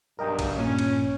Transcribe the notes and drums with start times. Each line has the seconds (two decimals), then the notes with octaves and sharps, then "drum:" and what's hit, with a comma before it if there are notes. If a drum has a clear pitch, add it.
0.19 B1 G2 A#4 D#5 G5
0.39 drum: kick A#1, cymbal
0.55 A#1 G2 A#2 C#4
0.79 drum: cymbal